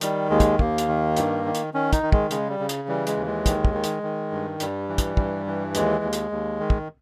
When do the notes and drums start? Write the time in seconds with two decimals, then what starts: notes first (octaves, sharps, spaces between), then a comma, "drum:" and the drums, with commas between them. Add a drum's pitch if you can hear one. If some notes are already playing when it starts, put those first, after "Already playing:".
0.01 D#3 G3, drum: hi-hat
0.30 D#2 G#3
0.40 drum: kick, hi-hat
0.59 D#2 A#3, drum: kick
0.78 drum: hi-hat
0.88 D#3
1.17 G2, drum: hi-hat
1.45 D#3
1.55 drum: hi-hat
1.74 D#3 C#4
1.93 D#4, drum: kick, hi-hat
2.03 D#3
2.12 G#3, drum: kick
2.31 C#3 G#3, drum: hi-hat
2.49 G3
2.60 C#3
2.69 drum: hi-hat
2.88 E3 G3
3.07 G#3, drum: hi-hat
3.17 D#2
3.26 G#3
3.46 D#3, drum: kick, hi-hat
3.65 drum: kick
3.74 D#3
3.84 drum: hi-hat
4.03 D#3
4.32 G2
4.60 G2 G3, drum: hi-hat
4.89 E3
4.98 drum: kick, hi-hat
5.17 G2, drum: kick
5.46 E3
5.75 D#2 G#3, drum: hi-hat
6.03 D#2
6.13 drum: hi-hat
6.31 D#2
6.60 D#3
6.70 drum: kick